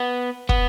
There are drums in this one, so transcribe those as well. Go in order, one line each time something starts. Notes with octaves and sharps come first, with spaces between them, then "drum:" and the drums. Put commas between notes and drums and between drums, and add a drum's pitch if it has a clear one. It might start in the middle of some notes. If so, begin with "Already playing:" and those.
Already playing: B3
B3, drum: kick